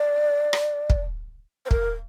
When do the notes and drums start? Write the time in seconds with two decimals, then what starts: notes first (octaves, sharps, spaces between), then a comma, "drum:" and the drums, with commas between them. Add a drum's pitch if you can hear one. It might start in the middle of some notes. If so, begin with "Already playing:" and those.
Already playing: D5
0.53 drum: rim click
0.90 drum: kick
1.66 C5
1.71 A#4, drum: kick